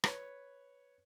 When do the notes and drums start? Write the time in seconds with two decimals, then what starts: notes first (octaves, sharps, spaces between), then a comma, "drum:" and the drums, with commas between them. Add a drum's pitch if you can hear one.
0.04 B4 C#5, drum: rim click